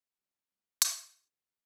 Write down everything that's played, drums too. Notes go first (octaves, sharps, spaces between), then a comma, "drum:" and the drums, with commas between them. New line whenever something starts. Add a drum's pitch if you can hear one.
C2 A2 F#3 C#4
G2
G3, drum: hi-hat